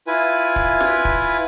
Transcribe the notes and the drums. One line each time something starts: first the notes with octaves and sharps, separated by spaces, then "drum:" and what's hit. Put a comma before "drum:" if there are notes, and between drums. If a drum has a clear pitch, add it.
E4 F4 B4 G#5
drum: kick
drum: snare
drum: kick